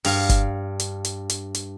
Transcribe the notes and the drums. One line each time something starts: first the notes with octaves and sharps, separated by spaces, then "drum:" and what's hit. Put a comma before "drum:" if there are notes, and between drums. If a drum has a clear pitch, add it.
G2 F5, drum: open hi-hat
drum: kick F#1, hi-hat
drum: hi-hat
drum: hi-hat
drum: hi-hat
drum: hi-hat